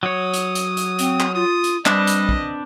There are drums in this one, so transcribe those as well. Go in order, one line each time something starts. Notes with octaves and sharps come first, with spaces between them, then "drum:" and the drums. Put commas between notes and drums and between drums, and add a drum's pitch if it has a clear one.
F#3 C#5 D#6
drum: hi-hat
drum: hi-hat
drum: hi-hat
C4, drum: hi-hat
drum: clap
F4 D#6
drum: hi-hat
G3 C4 D4 B4 D#5, drum: clap
drum: hi-hat
drum: kick